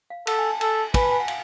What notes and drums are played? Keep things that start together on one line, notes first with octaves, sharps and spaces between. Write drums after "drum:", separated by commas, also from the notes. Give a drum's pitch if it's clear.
F5
A4 F#5, drum: cymbal
G#5
A5
A4 G#5, drum: cymbal
B4 G#5, drum: kick, cymbal
A5
G#5
F#5
F5, drum: cymbal